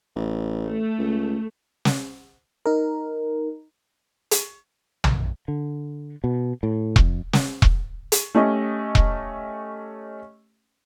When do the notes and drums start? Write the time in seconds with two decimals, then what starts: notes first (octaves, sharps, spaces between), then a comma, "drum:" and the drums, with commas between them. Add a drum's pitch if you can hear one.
0.16 A1
0.66 A3
0.98 C#2
1.85 drum: snare
2.66 D#4 A#4
4.31 drum: hi-hat
5.04 drum: tom
5.48 D3
6.24 B2
6.63 A2
6.96 F2, drum: kick E1
7.33 drum: snare
7.62 drum: kick E1
8.12 drum: hi-hat
8.35 A3 C#4 G4 D#5
8.95 drum: kick E1